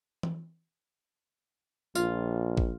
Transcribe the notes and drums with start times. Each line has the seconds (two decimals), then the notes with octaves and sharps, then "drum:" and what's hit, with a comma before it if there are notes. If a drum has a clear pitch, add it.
0.23 drum: tom
1.95 A#1 F4, drum: tambourine
2.57 drum: kick